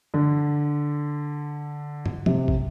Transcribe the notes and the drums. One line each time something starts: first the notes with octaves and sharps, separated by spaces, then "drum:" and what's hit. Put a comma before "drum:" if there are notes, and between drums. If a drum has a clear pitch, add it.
D3
drum: tom
C3, drum: tom
drum: kick